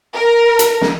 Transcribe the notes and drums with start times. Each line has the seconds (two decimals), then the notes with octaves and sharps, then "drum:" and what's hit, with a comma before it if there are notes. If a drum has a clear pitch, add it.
0.14 A#4
0.59 drum: hi-hat
0.81 drum: snare